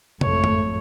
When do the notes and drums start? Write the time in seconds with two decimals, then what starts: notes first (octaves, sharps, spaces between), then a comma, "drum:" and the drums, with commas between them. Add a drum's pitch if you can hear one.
0.21 G#1 F2 A3 C#5, drum: tom
0.44 drum: tom F#2